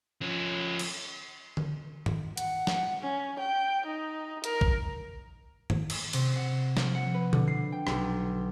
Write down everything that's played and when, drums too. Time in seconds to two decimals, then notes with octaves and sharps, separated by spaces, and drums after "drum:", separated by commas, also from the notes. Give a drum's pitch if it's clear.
0.21 F3 C#4
0.79 drum: cymbal
1.57 drum: tom D3
2.06 drum: tom G2
2.37 F#5, drum: hi-hat
2.67 drum: snare
3.01 C#4
3.39 G5
3.86 D#4
4.44 A#4, drum: hi-hat
4.61 drum: kick
5.70 drum: tom G2
5.90 drum: cymbal
6.13 C3, drum: cymbal
6.36 F#5
6.77 F3, drum: snare
6.95 F#5
7.14 B4
7.33 D3, drum: tom B2
7.48 C7
7.72 G5
7.87 B1, drum: rim click